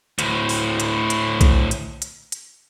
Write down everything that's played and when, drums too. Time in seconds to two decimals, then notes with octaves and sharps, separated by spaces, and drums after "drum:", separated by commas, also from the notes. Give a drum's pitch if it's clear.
0.19 D2 A2, drum: hi-hat
0.49 drum: open hi-hat
0.80 drum: hi-hat
1.10 drum: hi-hat
1.41 drum: kick B1, hi-hat
1.71 drum: hi-hat
2.02 drum: hi-hat
2.32 drum: hi-hat